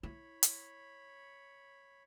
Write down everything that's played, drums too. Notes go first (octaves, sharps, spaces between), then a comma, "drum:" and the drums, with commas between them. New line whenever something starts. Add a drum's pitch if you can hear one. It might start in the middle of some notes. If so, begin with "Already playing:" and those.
E4 C#5 B5
drum: hi-hat